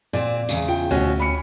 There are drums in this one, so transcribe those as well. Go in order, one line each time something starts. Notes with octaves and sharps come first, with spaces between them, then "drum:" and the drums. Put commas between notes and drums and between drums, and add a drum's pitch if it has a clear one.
A#2 C4 D5
E2 G2 C#3, drum: tambourine
F4 G5
D2 B2 E3 C#4 F#4
C#4 B5 C#7